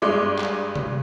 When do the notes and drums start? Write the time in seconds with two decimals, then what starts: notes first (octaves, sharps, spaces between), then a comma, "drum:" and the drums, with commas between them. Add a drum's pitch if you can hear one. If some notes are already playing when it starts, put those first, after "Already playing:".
0.02 G2 G#3 D6
0.39 drum: clap
0.75 drum: tom C3